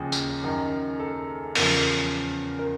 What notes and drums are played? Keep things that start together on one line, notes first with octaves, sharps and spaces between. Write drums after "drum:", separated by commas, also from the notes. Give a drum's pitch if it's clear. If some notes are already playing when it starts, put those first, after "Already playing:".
Already playing: D#2 C#3 F3 G#4
drum: tambourine
F#2 D#3
A4
E2 C#3 F3 A#4, drum: open hi-hat
A#4